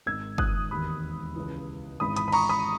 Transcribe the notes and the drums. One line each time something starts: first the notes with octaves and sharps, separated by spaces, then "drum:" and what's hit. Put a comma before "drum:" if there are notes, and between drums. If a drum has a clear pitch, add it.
G#1 G#2 D#3 E6 G#6
D#6 F#6, drum: kick
E1 D#2 D#3 B5 D#6
C#2 C#3 E3
G#1 G#2 E3 B5 D#6
B5 D#6, drum: hi-hat
B5
A#5 C#6, drum: cymbal
B5 D#6